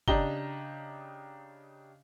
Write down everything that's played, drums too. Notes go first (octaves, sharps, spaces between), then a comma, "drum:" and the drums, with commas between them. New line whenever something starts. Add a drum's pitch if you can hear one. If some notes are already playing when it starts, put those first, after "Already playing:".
C#3 D4 G4 D#5 A#5 G7, drum: kick